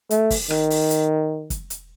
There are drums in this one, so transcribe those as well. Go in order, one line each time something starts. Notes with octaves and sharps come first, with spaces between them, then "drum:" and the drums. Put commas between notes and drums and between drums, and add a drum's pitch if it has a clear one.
A3, drum: hi-hat
drum: kick, open hi-hat
D#3, drum: rim click
drum: open hi-hat
drum: hi-hat
drum: kick, hi-hat
drum: hi-hat